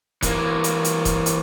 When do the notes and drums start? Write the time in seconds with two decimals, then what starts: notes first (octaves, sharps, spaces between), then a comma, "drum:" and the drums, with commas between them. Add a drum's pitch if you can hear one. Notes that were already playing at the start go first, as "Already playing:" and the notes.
0.22 E3 A#3, drum: kick D#1, hi-hat
0.64 drum: hi-hat
0.85 drum: hi-hat
1.05 drum: kick D#1, hi-hat
1.26 drum: hi-hat